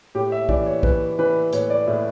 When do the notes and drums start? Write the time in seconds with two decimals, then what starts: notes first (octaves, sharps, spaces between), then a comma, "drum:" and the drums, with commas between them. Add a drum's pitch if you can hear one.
0.15 A2 G4
0.32 E5
0.49 E3 D5, drum: kick B1
0.66 C#5
0.83 E3 B4, drum: kick B1
1.19 E3 B4
1.53 A2 C#5, drum: hi-hat
1.70 D5
1.87 A2 E5